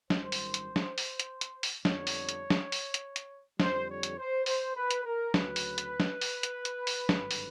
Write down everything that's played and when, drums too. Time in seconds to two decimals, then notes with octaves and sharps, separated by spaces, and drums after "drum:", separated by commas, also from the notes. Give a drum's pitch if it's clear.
0.10 G#1 F#2 D#3 G3 C5, drum: snare
0.32 drum: open hi-hat
0.54 drum: hi-hat
0.76 drum: snare
0.98 drum: open hi-hat
1.19 drum: hi-hat
1.41 drum: hi-hat
1.63 drum: open hi-hat
1.85 F2 D3 G3 B3 D4 C#5, drum: snare
2.07 drum: open hi-hat
2.29 drum: hi-hat
2.50 drum: snare
2.72 drum: open hi-hat
2.94 drum: hi-hat
3.16 drum: hi-hat
3.60 F2 D3 G3 C5, drum: snare
3.89 C#5
4.03 drum: hi-hat
4.18 C5
4.46 C5, drum: open hi-hat
4.76 B4
4.91 drum: hi-hat
5.05 A#4
5.34 D2 C#3 F#3 B4, drum: snare
5.56 drum: open hi-hat
5.78 drum: hi-hat
6.00 drum: snare
6.21 drum: open hi-hat
6.43 drum: hi-hat
6.65 drum: hi-hat
6.87 drum: open hi-hat
7.09 G#1 G2 D3 F#3, drum: snare
7.31 drum: open hi-hat